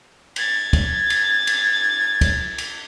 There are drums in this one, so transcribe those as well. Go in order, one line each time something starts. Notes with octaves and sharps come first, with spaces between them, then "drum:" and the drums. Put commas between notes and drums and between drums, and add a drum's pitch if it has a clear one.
G#6 A6, drum: cymbal
drum: kick, cymbal
drum: cymbal
drum: cymbal
drum: kick, cymbal
drum: cymbal